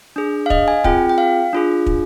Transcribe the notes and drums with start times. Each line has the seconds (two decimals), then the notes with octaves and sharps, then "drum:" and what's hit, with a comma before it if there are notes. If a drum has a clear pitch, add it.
0.16 D4 G#4
0.46 F5
0.50 D#5, drum: kick
0.68 G#5
0.84 C4 F4 G#4 G5, drum: kick
1.09 G5
1.18 F5
1.53 D4 F4 G#4
1.86 drum: kick